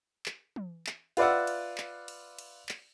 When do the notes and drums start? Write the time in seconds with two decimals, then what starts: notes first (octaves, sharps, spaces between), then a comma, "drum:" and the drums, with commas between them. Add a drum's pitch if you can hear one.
0.26 drum: clap
0.56 drum: tom
0.87 drum: clap
1.17 F4 B4 D5 E5 F#5, drum: cymbal
1.47 drum: cymbal
1.78 drum: clap
2.08 drum: cymbal
2.38 drum: cymbal
2.69 drum: clap